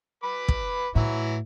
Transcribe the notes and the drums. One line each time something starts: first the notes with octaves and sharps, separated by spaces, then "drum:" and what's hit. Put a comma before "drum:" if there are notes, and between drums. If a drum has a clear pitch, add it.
B4 B5 D6
drum: kick
A2 E3 F#3 E4